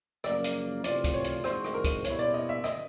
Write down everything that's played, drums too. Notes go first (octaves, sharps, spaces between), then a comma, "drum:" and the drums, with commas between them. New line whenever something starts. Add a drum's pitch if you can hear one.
F#2 C#3 F3 A#3 D5, drum: rim click
drum: hi-hat
C3 E3 A3 C4 F4 D5, drum: hi-hat
drum: kick, hi-hat
C#5
drum: hi-hat
E3 G#3 C4 D#4 F#4 C5, drum: rim click
drum: rim click
A#4
drum: kick, hi-hat
B2 G3 B3 E4 C#5, drum: hi-hat
D5
D#5
E5
D#5, drum: rim click